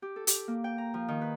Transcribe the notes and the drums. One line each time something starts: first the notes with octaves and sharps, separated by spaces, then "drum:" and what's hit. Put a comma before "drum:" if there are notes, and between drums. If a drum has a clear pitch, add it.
G4
A4
G4, drum: hi-hat
A#3
G5
A#5
F3
D#3
B4